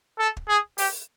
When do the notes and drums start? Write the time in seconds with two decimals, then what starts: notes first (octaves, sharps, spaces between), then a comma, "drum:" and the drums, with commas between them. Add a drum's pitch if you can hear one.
0.19 A4
0.37 drum: kick
0.48 G#4
0.78 G4, drum: open hi-hat